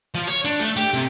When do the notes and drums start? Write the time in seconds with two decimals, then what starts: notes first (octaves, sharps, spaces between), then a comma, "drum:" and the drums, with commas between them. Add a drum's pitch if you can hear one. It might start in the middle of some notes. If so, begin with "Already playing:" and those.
0.15 F3
0.28 C#5
0.45 D4, drum: hi-hat
0.60 A3, drum: hi-hat
0.77 G4, drum: hi-hat
0.94 C3, drum: hi-hat